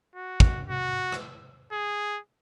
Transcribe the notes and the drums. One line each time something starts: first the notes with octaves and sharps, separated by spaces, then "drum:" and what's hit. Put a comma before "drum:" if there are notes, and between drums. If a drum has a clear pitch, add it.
F#4
drum: kick
F#4
drum: rim click
G#4